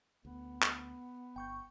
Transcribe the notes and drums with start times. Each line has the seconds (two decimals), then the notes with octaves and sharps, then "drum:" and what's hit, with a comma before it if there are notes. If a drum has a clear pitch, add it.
0.25 D2 B3
0.62 drum: clap
1.36 G1 G5 C#6 G6